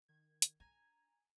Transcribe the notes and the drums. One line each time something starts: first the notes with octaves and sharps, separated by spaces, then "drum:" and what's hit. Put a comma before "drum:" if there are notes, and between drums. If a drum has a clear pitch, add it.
D#3 G#6
drum: hi-hat
D4 G#5 A#5